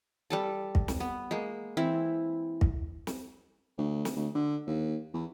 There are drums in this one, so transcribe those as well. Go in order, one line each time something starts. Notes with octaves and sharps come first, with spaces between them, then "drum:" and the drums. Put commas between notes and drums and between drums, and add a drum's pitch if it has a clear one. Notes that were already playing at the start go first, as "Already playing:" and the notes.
G3 A4 A5
drum: kick
drum: snare
B3
G#3 A#3
E3 C4 E4
drum: kick
drum: snare
D2
drum: snare
D2
D3
D#2
E2